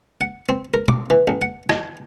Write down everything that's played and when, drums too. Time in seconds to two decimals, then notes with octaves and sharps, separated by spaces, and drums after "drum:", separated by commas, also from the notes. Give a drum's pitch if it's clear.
0.21 F#5
0.49 C4
0.74 A#4
0.88 D6, drum: tom
1.10 E3
1.28 A1
1.42 F#5
1.69 D#5, drum: rim click